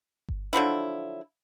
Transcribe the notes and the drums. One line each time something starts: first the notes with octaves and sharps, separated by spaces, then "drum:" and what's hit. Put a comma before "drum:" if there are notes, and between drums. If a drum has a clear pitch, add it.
drum: kick G1
D3 F3 F#3 E4